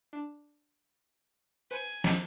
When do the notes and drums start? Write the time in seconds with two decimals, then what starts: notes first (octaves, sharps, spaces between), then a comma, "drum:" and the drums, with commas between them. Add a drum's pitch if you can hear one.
0.13 D4
1.71 B4 C5 G#5 C#7
2.04 drum: snare